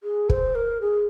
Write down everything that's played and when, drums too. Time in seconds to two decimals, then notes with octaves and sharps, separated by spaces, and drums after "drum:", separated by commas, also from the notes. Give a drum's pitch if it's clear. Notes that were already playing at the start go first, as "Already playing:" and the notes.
0.03 G#4
0.30 C5, drum: kick
0.55 A#4
0.81 G#4